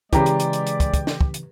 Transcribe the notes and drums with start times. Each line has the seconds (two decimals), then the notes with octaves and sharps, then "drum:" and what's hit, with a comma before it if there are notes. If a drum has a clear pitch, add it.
0.13 C#3 E3 G#3 G4 B4 D5 A#5 C6, drum: kick, hi-hat
0.26 drum: hi-hat
0.40 drum: hi-hat
0.53 drum: hi-hat
0.67 drum: hi-hat
0.80 drum: kick, hi-hat
0.94 drum: kick, hi-hat
1.07 drum: snare
1.21 drum: kick
1.34 drum: hi-hat